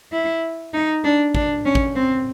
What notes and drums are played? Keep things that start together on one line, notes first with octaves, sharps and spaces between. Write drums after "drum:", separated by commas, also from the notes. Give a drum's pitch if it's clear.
E4
D#4
D4
D4, drum: kick
C#4
drum: kick
C4